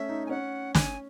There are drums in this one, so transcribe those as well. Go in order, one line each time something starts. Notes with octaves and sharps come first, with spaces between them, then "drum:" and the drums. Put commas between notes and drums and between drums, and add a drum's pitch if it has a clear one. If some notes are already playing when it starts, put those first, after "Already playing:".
Already playing: A3 C#4 E5
D#4
G#5
C#4 F#5
G#5, drum: snare